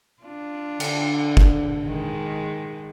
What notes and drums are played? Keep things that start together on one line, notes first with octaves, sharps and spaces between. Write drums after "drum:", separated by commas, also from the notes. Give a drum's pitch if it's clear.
D4 F4
D3, drum: cymbal
drum: kick
D#3 G#3